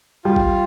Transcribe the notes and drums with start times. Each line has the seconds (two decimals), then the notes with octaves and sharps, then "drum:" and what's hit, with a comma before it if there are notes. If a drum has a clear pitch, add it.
0.25 G3 F4
0.36 drum: kick